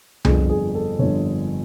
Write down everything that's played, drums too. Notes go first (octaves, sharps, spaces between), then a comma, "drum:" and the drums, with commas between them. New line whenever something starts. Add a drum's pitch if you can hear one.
G1 F2 D3 G#4, drum: tom C2
G#4
A4
G1 F2 D3 C#5